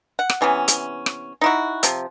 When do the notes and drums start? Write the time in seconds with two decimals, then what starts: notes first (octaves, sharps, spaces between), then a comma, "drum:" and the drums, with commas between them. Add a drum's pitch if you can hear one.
0.19 F#5
0.30 drum: rim click
0.41 C3 E3 B3 C#4
0.68 drum: hi-hat
1.06 drum: rim click
1.41 D#4 E4 F#4
1.83 C3 F3, drum: hi-hat